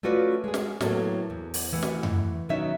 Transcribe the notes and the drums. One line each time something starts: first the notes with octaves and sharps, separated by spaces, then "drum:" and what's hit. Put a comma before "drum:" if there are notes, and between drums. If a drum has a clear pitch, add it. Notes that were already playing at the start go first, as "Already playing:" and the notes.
A3 C#4 F4 F#4 B4 D5
G#3 G#4
drum: snare
A2 F#3 A#3 B3 A4, drum: snare
E2
drum: open hi-hat
E3 A3 F#5
drum: snare
drum: tom F2
B2 D#3 F#3 C#4 D#4 E5